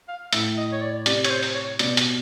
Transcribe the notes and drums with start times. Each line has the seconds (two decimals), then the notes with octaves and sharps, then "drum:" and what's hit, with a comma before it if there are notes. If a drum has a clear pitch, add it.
0.09 F5
0.33 A2 E5, drum: hi-hat
0.57 D#5
0.73 C#5
0.82 D5
1.06 C3 D5, drum: hi-hat
1.24 C#5, drum: hi-hat
1.30 C5
1.43 drum: open hi-hat
1.55 C#5
1.79 B2 D5, drum: hi-hat
1.97 drum: hi-hat